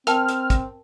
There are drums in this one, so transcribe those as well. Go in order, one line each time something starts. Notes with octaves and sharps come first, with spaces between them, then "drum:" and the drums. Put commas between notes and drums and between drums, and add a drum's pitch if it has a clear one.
C4 A#4 G5 A5 F6, drum: hi-hat
drum: hi-hat
drum: kick, hi-hat